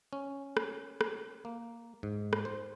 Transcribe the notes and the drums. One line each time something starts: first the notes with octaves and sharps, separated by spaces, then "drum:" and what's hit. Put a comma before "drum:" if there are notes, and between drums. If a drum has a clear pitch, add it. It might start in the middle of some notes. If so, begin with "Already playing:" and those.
C#4
drum: rim click
drum: rim click
A#3
G#2
drum: rim click
C5